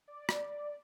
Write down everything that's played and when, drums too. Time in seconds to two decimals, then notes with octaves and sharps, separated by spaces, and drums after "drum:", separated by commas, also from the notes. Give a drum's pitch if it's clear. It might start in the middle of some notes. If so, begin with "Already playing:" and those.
0.08 D5
0.29 drum: rim click